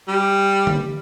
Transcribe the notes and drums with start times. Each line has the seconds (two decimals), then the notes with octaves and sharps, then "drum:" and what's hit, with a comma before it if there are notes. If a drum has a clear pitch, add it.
0.08 G3
0.67 drum: tom D3